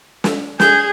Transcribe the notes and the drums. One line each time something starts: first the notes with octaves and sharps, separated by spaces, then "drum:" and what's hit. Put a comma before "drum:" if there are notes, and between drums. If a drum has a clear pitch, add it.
drum: snare
G#4 G6, drum: snare